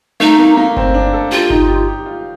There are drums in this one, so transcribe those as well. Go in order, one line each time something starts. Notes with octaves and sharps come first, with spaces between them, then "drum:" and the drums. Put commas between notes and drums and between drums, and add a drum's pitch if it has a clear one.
A3 D#4
A#3
A#3
C4, drum: kick G1
D4
A4
F4 G4
D#4, drum: kick G1
G4
G4
F4